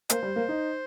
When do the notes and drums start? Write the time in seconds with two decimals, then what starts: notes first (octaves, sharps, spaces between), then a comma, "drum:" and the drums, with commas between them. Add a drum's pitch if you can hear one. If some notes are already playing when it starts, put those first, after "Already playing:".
0.10 A#3 C5, drum: hi-hat
0.23 G3
0.36 A#3
0.48 D#4